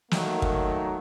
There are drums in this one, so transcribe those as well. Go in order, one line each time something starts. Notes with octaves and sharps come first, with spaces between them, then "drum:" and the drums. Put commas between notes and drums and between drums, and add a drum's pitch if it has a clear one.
D#3 F#3 A3 A#3, drum: snare
drum: kick